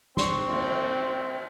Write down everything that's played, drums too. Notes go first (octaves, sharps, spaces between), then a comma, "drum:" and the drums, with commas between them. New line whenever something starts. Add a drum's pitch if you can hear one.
C4 C6 C#6, drum: snare
drum: cymbal